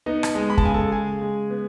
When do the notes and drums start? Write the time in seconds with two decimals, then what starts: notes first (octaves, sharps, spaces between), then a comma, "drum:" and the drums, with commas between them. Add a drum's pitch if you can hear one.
0.06 B3 D#4 D#5
0.23 drum: rim click
0.35 G#3
0.50 B5
0.58 A5, drum: kick
0.63 C#3 G#5
0.74 A4 A5
0.92 C#3 G#4 G#5
1.21 G#3
1.50 B3